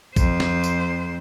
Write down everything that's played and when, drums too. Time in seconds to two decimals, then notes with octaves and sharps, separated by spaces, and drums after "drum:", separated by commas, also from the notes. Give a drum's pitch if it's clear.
0.16 F2 C5, drum: kick A#1, tambourine
0.40 drum: snare
0.64 drum: tambourine